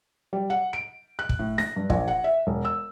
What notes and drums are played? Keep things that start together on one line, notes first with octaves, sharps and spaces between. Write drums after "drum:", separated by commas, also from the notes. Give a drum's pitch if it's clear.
G3
F#5
D7
F#6
drum: kick
A2
A#6, drum: snare D4
G2
A#1, drum: kick
F#5
E5
E1
E6